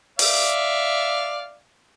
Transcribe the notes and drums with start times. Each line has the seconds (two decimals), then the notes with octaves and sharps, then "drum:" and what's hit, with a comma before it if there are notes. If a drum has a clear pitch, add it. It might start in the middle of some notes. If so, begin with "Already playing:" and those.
0.19 D5 E5 F5, drum: open hi-hat